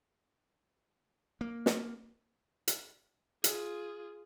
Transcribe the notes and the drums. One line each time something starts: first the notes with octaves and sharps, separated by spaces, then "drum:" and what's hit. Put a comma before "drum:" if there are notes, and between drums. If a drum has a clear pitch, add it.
A#3
drum: snare
drum: hi-hat
F4 G#4, drum: hi-hat